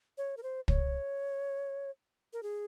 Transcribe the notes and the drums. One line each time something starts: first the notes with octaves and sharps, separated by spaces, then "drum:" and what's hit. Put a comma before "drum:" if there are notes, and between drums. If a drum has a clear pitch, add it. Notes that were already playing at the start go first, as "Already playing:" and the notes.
C#5
A#4
C5
C#5, drum: kick
A#4
G#4